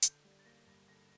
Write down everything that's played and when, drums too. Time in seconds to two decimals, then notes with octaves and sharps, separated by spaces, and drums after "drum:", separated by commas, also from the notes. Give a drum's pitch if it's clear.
0.02 D3 G6, drum: hi-hat
0.25 G3
0.39 A6
0.45 A#3 A#6
0.67 G2
0.88 D3 A#6